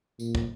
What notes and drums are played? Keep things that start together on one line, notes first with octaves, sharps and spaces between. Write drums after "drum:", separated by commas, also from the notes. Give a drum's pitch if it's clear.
A#2, drum: tambourine
drum: kick